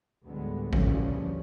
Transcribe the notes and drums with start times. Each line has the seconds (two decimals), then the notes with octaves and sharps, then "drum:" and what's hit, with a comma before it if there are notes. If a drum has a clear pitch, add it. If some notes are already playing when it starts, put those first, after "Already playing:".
0.24 D2 A2 D3 G3 G#3 B3
0.73 D2 G2 A#2 E3 F3 C#4, drum: kick A1